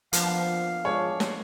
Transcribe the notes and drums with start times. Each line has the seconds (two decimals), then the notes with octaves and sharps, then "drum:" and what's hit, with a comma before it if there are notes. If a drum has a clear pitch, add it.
0.13 F3 A#3 B3 D4 F5, drum: hi-hat
0.85 G#3 D4 C#5
1.20 drum: snare